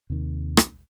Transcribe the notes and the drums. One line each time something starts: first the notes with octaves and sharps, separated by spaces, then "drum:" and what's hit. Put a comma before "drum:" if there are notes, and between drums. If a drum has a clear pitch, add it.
D#2 C3 D#3
drum: rim click